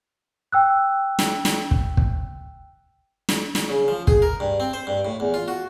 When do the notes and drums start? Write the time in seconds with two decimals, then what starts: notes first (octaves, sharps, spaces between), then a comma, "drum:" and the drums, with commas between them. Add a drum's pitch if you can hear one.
0.52 G5 E6 F#6
1.19 drum: snare
1.45 drum: snare
1.71 drum: kick
1.97 drum: kick
3.29 drum: snare
3.55 drum: snare
3.69 C#3
3.88 F3
4.07 G#4, drum: kick
4.22 A#4
4.40 G2
4.60 C4
4.73 C5
4.87 G2
5.05 A2
5.20 E2
5.34 F4
5.48 F#4